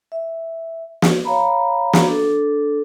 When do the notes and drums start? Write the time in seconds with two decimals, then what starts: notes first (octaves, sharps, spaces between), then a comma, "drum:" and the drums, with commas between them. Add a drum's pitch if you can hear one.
0.12 E5
1.02 drum: snare
1.25 C#5 F5 A#5 B5
1.93 drum: snare
2.07 D4 A4